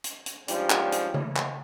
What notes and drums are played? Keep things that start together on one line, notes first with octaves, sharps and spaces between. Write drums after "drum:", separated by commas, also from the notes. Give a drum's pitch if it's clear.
drum: hi-hat
drum: hi-hat
G#2 F3 G3 C#4 D4 G4, drum: hi-hat
drum: clap
drum: hi-hat
drum: tom C#3
drum: clap